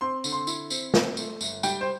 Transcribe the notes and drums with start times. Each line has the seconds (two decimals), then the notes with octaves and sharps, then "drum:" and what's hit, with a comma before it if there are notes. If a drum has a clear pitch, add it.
0.01 C4 C6
0.24 D3, drum: tambourine
0.32 C6
0.47 E4, drum: tambourine
0.70 C4, drum: tambourine
0.94 C4, drum: snare
1.17 A3, drum: tambourine
1.41 G1, drum: tambourine
1.63 G3 G5, drum: tambourine
1.81 C5